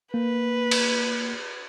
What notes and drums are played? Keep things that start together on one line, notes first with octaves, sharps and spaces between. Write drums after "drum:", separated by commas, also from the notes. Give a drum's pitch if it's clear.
A#3 B4
drum: cymbal